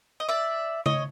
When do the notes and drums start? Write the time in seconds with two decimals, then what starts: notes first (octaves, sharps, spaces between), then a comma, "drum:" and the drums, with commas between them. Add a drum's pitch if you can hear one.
0.20 D#5
0.29 D5 E5
0.86 C#5 D#5, drum: tom C#3